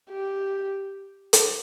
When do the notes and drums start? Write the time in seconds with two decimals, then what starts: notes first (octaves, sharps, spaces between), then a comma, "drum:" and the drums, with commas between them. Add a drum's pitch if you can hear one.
0.10 G4
1.33 drum: hi-hat